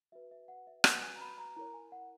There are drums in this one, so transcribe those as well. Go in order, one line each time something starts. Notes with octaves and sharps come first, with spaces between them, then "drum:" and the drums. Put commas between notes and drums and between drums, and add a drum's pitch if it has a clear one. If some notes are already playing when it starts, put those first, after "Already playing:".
F#4 B4 E5
E5
F#5
E5
F#4 B4 F#5, drum: rim click
G#5
A#5
B5
A#5
E4 A#4 C#5 A#5
G#5
F#5